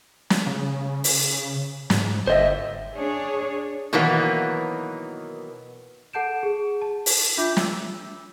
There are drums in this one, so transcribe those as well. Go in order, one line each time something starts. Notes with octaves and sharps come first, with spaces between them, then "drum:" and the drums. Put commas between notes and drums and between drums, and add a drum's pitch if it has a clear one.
drum: snare
C#3
drum: open hi-hat
G#2, drum: snare
G1 C5 D#5 E5
D4 G#4 C#5
B2 D#3 E3 F#3 A#3
A4 F#5 A5 G6 D7 E7
G#4
A5
drum: open hi-hat
D4 F4 E5 D6 G6
G5 E6, drum: snare